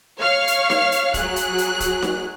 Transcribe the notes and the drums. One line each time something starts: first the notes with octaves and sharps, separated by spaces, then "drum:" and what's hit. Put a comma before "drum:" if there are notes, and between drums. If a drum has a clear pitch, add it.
C#5 F5 C#6 F6
drum: hi-hat
drum: snare D#4
drum: hi-hat
F#3 G#4 F#6, drum: kick, hi-hat
drum: hi-hat
drum: hi-hat
drum: kick, hi-hat
drum: snare D#4